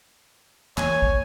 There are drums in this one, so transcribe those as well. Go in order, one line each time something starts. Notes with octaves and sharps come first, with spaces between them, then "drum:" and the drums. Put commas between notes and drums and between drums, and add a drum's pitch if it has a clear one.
F#2 E3 A#3 C#5 G#5, drum: clap
drum: kick